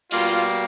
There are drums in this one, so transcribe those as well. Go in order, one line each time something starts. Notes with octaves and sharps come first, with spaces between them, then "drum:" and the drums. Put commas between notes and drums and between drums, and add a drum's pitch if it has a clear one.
B2 G3 A#3 F4, drum: open hi-hat